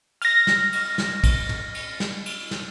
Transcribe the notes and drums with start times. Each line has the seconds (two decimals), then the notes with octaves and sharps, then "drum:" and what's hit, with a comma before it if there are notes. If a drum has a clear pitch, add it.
0.22 F6 A#6, drum: cymbal
0.47 drum: snare
0.73 drum: cymbal
0.98 drum: snare
1.24 drum: kick, cymbal
1.49 drum: tom
1.75 drum: cymbal
2.00 drum: snare
2.26 drum: cymbal
2.51 drum: snare